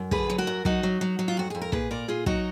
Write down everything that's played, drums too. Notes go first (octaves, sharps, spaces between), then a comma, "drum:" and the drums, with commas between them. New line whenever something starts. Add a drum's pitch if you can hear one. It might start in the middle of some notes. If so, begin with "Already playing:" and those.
Already playing: F#2
D3 G#4 B4, drum: kick
F#3
F#4 A#4
F#2
F#3 D#4 F#4, drum: kick
F#3
F#3
F#3
F4
F2 F#4
F2 G#4
A#4
A#2 G#4 B4, drum: kick
A#2 A#4 D5
A#2 F4 G#4
F#3 D#4 F#4, drum: kick